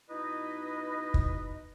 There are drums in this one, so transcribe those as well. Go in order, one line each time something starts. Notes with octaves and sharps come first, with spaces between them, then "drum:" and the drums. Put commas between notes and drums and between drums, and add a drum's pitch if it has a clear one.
B2 D#4 E4 B4 D#5
drum: kick